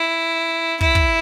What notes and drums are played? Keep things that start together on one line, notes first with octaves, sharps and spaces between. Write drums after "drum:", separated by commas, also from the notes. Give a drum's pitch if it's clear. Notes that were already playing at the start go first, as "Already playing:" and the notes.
Already playing: E4
E4, drum: kick
drum: kick